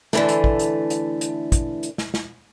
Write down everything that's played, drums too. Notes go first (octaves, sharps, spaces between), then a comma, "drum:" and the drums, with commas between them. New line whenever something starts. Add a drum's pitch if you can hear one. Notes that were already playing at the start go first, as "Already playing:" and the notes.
D3 E3 A3, drum: snare
drum: hi-hat
drum: kick
drum: hi-hat
drum: hi-hat
drum: hi-hat
drum: kick, hi-hat
drum: hi-hat
drum: snare
drum: snare